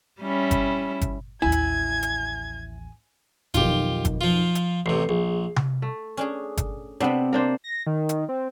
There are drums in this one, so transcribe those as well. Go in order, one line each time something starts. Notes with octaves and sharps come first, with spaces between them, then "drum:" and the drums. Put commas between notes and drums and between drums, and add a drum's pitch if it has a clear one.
G3 C#4 E4
drum: kick G1, hi-hat
drum: kick G1, hi-hat
A1 D#2 E4 G#5 G#6
drum: hi-hat
drum: hi-hat
B1 F2 D#3 F4 G4, drum: kick G1, hi-hat
drum: kick G1, hi-hat
F3 F4
drum: hi-hat
A1 C3 C7
A#1 G#4
drum: tom C3
A3
C#4 D4 G#4
drum: kick G1, hi-hat
C3 B3 C4 D4
A#3 D4 C5
A#6
D#3
drum: hi-hat
C4